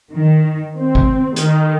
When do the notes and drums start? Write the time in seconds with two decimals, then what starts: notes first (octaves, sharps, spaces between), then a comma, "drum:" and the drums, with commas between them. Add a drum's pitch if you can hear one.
0.13 D#3
0.77 C4
0.95 drum: kick
1.36 D#3, drum: hi-hat